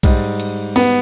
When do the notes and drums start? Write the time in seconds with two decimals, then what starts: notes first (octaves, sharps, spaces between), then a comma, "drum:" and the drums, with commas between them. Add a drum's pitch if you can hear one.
0.03 G#2 G3, drum: kick B1, cymbal
0.40 drum: cymbal
0.76 B3, drum: cymbal